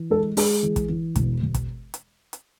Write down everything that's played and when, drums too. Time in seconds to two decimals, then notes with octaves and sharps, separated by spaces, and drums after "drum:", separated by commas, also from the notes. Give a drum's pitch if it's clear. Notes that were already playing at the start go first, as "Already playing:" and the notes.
Already playing: E3
0.10 G#3 A4
0.37 G#3 G#4, drum: open hi-hat
0.63 E3
0.76 drum: kick, hi-hat
0.89 E3
1.16 E1, drum: kick, hi-hat
1.42 E1
1.54 drum: kick, hi-hat
1.94 drum: hi-hat
2.33 drum: hi-hat